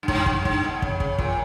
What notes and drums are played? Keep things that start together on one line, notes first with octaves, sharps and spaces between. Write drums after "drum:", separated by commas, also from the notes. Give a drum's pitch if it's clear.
G2
G#2, drum: kick
G2, drum: kick
G#2, drum: kick
B2
C#3, drum: kick
C#3, drum: kick
A#2, drum: kick